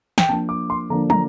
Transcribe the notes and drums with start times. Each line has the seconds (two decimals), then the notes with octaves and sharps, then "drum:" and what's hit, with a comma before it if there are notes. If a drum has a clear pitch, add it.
0.18 G5, drum: snare
0.29 F3 A#3 D4 A5
0.49 D6
0.70 C6
0.90 D3 F3 A#3 D4 A#5
1.10 A#5, drum: tom